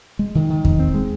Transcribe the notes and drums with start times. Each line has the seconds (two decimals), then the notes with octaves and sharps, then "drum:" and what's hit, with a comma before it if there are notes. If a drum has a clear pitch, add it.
0.19 G#3
0.35 D#3
0.50 D#3
0.65 D#3, drum: kick E2
0.79 C4
0.94 G#3